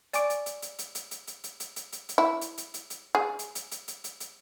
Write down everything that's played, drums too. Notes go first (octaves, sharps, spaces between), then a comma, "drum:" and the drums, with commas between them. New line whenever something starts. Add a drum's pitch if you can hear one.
D5 G#5 C#6 D6 D7, drum: hi-hat
drum: hi-hat
drum: hi-hat
drum: hi-hat
drum: hi-hat
drum: hi-hat
drum: hi-hat
drum: hi-hat
drum: hi-hat
drum: hi-hat
drum: hi-hat
drum: hi-hat
drum: hi-hat
E4
drum: hi-hat
drum: hi-hat
drum: hi-hat
drum: hi-hat
G#4
drum: hi-hat
drum: hi-hat
drum: hi-hat
drum: hi-hat
drum: hi-hat
drum: hi-hat